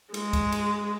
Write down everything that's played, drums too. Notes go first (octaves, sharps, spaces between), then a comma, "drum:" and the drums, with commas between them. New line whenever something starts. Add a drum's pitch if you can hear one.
G#3, drum: cymbal
drum: kick, cymbal
drum: cymbal